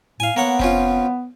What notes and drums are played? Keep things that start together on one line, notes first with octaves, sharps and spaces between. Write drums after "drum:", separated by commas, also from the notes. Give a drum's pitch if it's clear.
A2 F5 G#5
A#3 B3 C#5 F#5
C4 C#4 F4, drum: kick F1